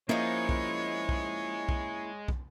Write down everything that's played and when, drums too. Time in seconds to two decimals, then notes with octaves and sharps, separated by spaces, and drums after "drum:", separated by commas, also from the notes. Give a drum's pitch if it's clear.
0.09 F3 G#3 A#3 C#4 D#4 E4 C#5
0.49 drum: kick
1.09 drum: kick
1.69 drum: kick
2.28 drum: kick